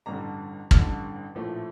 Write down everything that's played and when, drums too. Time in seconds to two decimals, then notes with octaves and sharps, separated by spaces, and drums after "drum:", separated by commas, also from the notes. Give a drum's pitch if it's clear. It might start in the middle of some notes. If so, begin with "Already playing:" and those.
0.06 A1 G2 D3 A#5
0.71 A1 G2 D3, drum: kick
1.35 A#1 A2 F3 A3